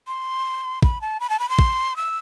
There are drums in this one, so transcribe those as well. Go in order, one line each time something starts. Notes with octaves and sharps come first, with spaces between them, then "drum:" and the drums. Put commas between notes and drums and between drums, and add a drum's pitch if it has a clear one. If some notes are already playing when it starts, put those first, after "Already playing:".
C6
B5, drum: kick
A5
B5
A5
B5
C6
drum: kick
E6